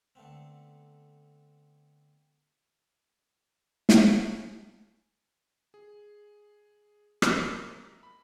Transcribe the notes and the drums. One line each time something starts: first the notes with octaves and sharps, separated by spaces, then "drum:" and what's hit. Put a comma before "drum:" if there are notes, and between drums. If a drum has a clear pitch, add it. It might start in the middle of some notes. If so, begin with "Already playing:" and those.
D3 A3 B3 C4
C#4, drum: snare
G#4
drum: rim click
A#4 D#5 E5
B5